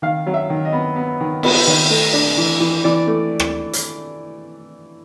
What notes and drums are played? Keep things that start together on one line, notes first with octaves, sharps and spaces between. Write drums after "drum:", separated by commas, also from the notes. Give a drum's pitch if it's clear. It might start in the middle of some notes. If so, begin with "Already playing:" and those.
D#3 F5
F#3
E5
D#3
D#5
B3
B3
D#3
B3, drum: cymbal
D#3
A3
D4
E3
E3
E3 D5
A3
drum: rim click
drum: hi-hat